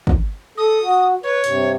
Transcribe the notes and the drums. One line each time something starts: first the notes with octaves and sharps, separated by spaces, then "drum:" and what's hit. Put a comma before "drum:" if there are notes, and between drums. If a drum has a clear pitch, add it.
drum: kick
A4 D#6
F#4
B4 C#5
G2 C3, drum: hi-hat